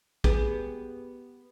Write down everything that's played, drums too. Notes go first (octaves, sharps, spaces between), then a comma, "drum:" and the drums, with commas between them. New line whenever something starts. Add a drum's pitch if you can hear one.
B3 G4 G#4, drum: kick A#1